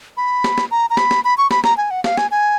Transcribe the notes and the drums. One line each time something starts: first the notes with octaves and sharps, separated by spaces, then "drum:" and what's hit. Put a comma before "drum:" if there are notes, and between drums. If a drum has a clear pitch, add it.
B5
drum: snare
drum: snare
A#5
A#5
B5, drum: snare
drum: snare
B5
C#6
B5, drum: snare
A#5, drum: snare
G#5
F#5
F5, drum: snare
G#5, drum: snare
G#5